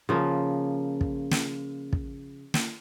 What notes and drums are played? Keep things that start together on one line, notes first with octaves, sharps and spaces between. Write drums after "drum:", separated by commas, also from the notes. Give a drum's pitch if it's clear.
C#3 F3 A#3
drum: kick
drum: snare
drum: kick
drum: snare